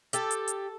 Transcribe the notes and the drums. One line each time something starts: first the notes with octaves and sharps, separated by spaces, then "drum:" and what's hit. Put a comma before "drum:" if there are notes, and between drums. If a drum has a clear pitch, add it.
G4 A4, drum: hi-hat
drum: hi-hat
drum: hi-hat